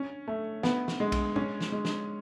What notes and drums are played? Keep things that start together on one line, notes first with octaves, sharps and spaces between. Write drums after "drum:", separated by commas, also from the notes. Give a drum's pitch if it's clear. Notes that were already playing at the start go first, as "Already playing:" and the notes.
Already playing: C#4
A3
B3, drum: snare
drum: snare
G#3
drum: kick, cymbal
C#4, drum: tom
drum: snare
G#3
drum: snare